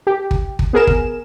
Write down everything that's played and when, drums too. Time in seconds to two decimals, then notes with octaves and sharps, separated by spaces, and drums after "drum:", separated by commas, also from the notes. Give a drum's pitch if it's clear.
0.07 G4
0.31 drum: kick
0.59 drum: kick
0.73 B3 G#4 A#4 E7
0.87 drum: kick